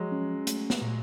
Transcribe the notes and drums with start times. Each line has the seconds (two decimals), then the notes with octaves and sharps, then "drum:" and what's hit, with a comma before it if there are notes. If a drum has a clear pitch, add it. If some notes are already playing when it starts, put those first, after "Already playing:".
Already playing: F3 F#3 G#3
0.12 C#4
0.47 A3, drum: hi-hat
0.70 drum: snare
0.82 A#2